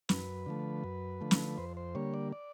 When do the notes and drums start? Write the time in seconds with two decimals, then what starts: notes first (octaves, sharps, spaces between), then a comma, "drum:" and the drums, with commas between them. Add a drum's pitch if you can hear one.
0.09 F#2 B4, drum: snare
0.46 D3 F3 A3
0.84 F#2
1.21 D3 F3 A3
1.31 drum: snare
1.58 F2 C5
1.77 C5
1.95 D3 G3 A#3 C#5
2.14 D5
2.32 D5